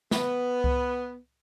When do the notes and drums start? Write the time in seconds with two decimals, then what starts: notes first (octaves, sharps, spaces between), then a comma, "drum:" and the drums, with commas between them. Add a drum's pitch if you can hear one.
0.11 B3, drum: snare
0.64 drum: kick C2